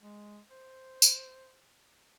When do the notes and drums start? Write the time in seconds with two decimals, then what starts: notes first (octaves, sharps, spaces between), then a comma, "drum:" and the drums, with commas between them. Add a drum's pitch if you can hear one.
0.02 G#3
0.51 C5
1.02 drum: tambourine